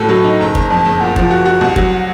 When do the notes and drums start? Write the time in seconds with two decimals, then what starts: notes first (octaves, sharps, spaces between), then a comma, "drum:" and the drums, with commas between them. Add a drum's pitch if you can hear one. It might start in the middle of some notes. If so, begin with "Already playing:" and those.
Already playing: A2 A3 F#4 A5
0.09 F#3
0.24 D#4
0.39 F#1 A#5
0.55 F#1, drum: kick
0.70 F2 A5
0.85 F#1
1.00 A#2 F#5
1.16 F3, drum: kick
1.31 F#4
1.46 F#4
1.61 C2
1.76 F#3, drum: kick